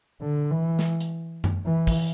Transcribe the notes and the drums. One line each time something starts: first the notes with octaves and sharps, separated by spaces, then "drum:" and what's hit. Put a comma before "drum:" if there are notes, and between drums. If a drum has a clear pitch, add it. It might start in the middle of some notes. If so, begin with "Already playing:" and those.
D3
E3
drum: snare
drum: hi-hat
drum: tom F#2
E3
drum: kick, open hi-hat